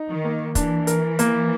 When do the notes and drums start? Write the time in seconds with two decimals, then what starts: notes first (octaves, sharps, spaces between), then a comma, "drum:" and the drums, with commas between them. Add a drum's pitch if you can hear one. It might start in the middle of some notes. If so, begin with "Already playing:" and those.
Already playing: D#4
0.09 D#3
0.24 A#3
0.55 E3 D4, drum: kick, hi-hat
0.87 A#4, drum: hi-hat
1.19 A#3, drum: hi-hat